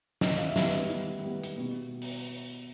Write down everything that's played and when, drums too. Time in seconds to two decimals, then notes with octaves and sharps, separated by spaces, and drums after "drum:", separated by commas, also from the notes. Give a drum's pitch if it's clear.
0.21 D#3 D#5, drum: snare
0.37 F5
0.46 E5
0.56 G3 B3 D#5, drum: snare
0.90 D#3, drum: hi-hat
1.24 G3 B3
1.44 drum: hi-hat
1.58 B2
2.02 drum: open hi-hat